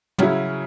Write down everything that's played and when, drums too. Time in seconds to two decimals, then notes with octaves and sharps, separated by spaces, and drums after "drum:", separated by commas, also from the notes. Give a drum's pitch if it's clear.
0.18 C#3 F#3 C#4 E4, drum: tom